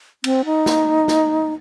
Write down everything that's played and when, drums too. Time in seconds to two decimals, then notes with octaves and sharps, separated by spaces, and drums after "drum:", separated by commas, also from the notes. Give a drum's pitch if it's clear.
0.24 C4, drum: cymbal
0.45 D#4
0.66 drum: snare
1.08 drum: snare